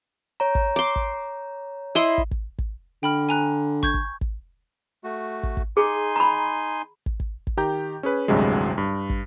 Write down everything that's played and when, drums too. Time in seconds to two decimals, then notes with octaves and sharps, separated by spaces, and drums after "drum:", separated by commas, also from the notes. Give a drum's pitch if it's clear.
0.40 C#5 A#5
0.55 drum: kick
0.76 C6 D6
0.96 drum: kick
1.95 E4 D#5 C6
2.18 drum: kick
2.31 drum: kick
2.58 drum: kick
3.03 D3 G5 B5 F6
3.29 G#5 A#5 F#6
3.83 C#6 G6 G#6, drum: kick
3.94 drum: kick
4.21 drum: kick
5.04 A3 F#4
5.43 drum: kick
5.57 drum: kick
5.77 D#4 G#4 G#5 C6
6.16 A#5 B5
7.06 drum: kick
7.20 drum: kick
7.47 drum: kick
7.57 D#3 G4 A#5 G6
8.03 C#4 G#4 B4
8.28 A1 D2 G2 C3 F#3 G#3
8.78 G2
9.10 drum: kick